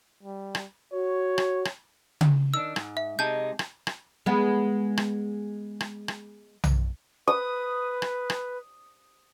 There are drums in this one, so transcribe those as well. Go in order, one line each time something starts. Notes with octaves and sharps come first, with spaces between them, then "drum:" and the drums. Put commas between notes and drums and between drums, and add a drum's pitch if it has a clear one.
G3
drum: rim click
F#4 C#5
drum: rim click
drum: rim click
drum: tom C#3
D#3 D4 E6
G#2, drum: rim click
E5
C3 G#3 D#4 A5 G6
drum: rim click
drum: rim click
G#3 B3
drum: rim click
drum: rim click
drum: rim click
drum: tom B1
B4 D#6
drum: rim click
drum: rim click